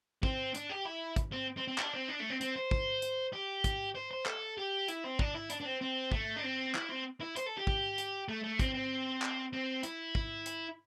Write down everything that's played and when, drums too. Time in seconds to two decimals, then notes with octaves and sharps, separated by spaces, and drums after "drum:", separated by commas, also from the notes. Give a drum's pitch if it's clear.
0.23 C4, drum: kick
0.55 D4, drum: hi-hat
0.70 G4
0.86 E4
1.16 drum: kick, hi-hat
1.32 C4
1.57 C4
1.68 C4
1.78 D4, drum: clap
1.94 C4
2.09 D4
2.20 A3
2.30 C4
2.41 C4, drum: hi-hat
2.56 C5
2.71 drum: kick
3.02 drum: hi-hat
3.33 G4
3.64 drum: kick, hi-hat
3.95 C5
4.11 C5
4.26 A4, drum: clap
4.58 G4
4.88 E4, drum: hi-hat
5.04 C4
5.19 D4, drum: kick
5.35 E4
5.50 D4, drum: hi-hat
5.60 D4
5.65 C4
5.81 C4
6.12 A3, drum: kick
6.36 D4
6.43 C4
6.75 E4, drum: clap
6.89 C4
7.21 E4
7.36 C5, drum: hi-hat
7.46 A4
7.57 G4
7.67 drum: kick
7.98 drum: hi-hat
8.28 A3
8.44 A3
8.59 C4, drum: kick, hi-hat
8.75 C4
9.22 drum: clap
9.53 C4
9.83 E4, drum: hi-hat
10.15 drum: kick
10.46 drum: hi-hat